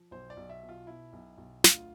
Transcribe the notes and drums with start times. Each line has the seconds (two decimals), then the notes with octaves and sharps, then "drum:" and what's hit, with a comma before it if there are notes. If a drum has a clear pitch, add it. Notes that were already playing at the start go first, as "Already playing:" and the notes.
Already playing: F3
0.11 B1 C5
0.30 D5
0.37 B1
0.50 E5
0.63 B2
0.69 F4
0.87 B2 E4
1.13 B1
1.38 B1
1.64 D2 F4, drum: snare